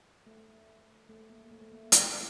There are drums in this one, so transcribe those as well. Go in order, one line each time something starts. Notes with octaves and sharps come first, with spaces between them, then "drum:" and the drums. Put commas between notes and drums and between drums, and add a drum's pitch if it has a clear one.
A3
A3
A#3
A3
A3
A#3
A3, drum: hi-hat